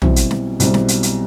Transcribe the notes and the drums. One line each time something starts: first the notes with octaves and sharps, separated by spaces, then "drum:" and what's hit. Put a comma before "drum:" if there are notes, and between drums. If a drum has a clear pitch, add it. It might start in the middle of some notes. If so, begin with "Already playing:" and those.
B1 B2 G3 C4 E4, drum: tom
drum: hi-hat
drum: snare
B1 B2 G3 C4 E4, drum: hi-hat
drum: snare
drum: hi-hat
drum: hi-hat